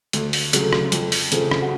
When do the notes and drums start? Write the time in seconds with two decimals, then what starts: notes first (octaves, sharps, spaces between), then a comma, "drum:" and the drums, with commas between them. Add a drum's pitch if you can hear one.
0.13 D2, drum: hi-hat
0.33 drum: open hi-hat
0.53 C#3 F#3 A3, drum: hi-hat
0.73 drum: rim click
0.92 F2, drum: hi-hat
1.12 drum: open hi-hat
1.32 C#3 F3 A3, drum: hi-hat
1.51 drum: rim click
1.61 F#4